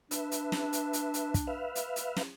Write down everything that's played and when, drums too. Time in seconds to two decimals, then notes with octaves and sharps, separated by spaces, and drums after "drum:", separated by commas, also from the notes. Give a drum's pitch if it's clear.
0.11 D4 B4 E5, drum: hi-hat
0.32 drum: hi-hat
0.52 drum: snare
0.73 drum: hi-hat
0.93 drum: hi-hat
1.14 drum: hi-hat
1.34 drum: kick, hi-hat
1.47 B4 E5 F5
1.75 drum: hi-hat
1.96 drum: hi-hat
2.16 drum: snare